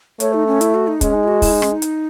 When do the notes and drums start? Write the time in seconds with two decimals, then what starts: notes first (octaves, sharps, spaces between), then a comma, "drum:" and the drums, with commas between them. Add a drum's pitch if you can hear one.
0.20 A3 C#5, drum: hi-hat
0.33 D#4
0.47 C#4
0.61 E4, drum: hi-hat
0.75 F#4
0.88 D#4
1.01 G#3 C#4, drum: kick, hi-hat
1.14 D#4
1.24 E4
1.28 F#4
1.42 E4, drum: kick, open hi-hat
1.52 D#4
1.62 C#4, drum: rim click
1.72 D#4
1.82 drum: hi-hat